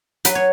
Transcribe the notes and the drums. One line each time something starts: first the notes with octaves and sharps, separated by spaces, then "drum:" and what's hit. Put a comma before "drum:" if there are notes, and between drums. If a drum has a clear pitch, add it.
F#3 B4, drum: hi-hat
C#5